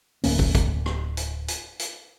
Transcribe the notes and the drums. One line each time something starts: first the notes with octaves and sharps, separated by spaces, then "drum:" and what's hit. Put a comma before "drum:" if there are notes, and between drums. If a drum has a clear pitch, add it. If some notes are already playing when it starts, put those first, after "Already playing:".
D1 A#3 C#4, drum: open hi-hat
drum: kick
drum: kick, hi-hat
drum: rim click
drum: hi-hat
drum: hi-hat
drum: hi-hat